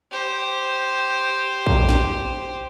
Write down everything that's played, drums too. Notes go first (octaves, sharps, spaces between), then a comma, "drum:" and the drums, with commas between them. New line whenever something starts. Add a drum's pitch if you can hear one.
G4 C5
drum: kick
drum: snare